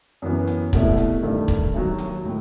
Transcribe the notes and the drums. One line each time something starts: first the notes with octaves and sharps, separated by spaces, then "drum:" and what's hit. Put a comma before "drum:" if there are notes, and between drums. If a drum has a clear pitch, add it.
F#2 E3 B3
drum: hi-hat
C2 B2 A3 E4, drum: kick
drum: hi-hat
G2 D#3 A3
drum: kick, hi-hat
D#2 D#3 F#3
drum: hi-hat
A2